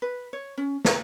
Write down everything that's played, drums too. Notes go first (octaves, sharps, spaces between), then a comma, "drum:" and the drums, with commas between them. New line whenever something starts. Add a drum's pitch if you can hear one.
B4
C#5
C#4
A#5, drum: snare